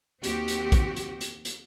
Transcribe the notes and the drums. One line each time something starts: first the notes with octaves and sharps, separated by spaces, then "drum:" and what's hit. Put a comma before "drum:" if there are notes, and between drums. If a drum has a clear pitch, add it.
D#2 C4 F#4 G4, drum: hi-hat
drum: hi-hat
drum: kick A#1, hi-hat
drum: hi-hat
drum: hi-hat
drum: hi-hat